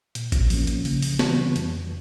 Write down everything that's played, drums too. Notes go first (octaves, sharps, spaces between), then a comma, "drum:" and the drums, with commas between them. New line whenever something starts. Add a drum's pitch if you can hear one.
A#2, drum: hi-hat
drum: kick A1, hi-hat
F3 A#3 C#4, drum: open hi-hat
drum: hi-hat
C#3, drum: open hi-hat
drum: open hi-hat
E3 G3 B3, drum: snare
F2, drum: hi-hat